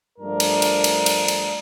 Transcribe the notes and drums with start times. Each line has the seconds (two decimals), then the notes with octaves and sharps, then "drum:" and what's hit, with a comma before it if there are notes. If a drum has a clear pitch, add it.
0.18 G2 F3 A3 D4 A#4
0.40 drum: cymbal
0.62 drum: cymbal
0.84 drum: cymbal
1.06 drum: cymbal
1.28 drum: cymbal